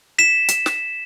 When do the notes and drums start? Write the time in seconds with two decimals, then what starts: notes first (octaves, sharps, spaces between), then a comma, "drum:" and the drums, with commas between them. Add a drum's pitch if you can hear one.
0.19 B6 E7
0.48 drum: hi-hat
0.66 drum: snare